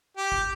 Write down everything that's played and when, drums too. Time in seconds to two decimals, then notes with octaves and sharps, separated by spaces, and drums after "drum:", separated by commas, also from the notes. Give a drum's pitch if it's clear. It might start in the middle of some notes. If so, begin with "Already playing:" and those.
0.17 G4
0.32 drum: kick G#1